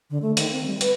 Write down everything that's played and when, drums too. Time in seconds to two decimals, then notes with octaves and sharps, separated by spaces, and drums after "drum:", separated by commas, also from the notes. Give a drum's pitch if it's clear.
0.10 D3
0.22 A3
0.37 D#3, drum: hi-hat
0.52 C4
0.66 G3
0.81 B4, drum: hi-hat